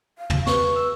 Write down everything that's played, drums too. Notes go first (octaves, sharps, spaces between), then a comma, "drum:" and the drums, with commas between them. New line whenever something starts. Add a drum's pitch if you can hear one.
F5
drum: tom
B4 C#6, drum: snare
E6